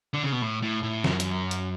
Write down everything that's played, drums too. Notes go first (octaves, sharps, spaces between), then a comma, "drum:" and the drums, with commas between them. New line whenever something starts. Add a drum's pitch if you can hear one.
D3
C#3
B2
A2
A2
A2
F#2, drum: snare
drum: hi-hat
drum: hi-hat